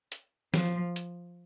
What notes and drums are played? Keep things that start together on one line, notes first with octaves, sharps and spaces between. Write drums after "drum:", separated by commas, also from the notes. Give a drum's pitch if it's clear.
drum: hi-hat
F3, drum: snare
drum: hi-hat